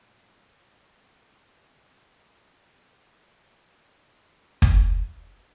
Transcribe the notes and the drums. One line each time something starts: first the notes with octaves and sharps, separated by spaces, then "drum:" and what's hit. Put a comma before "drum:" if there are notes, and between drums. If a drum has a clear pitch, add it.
A#2 G#3
A#5, drum: kick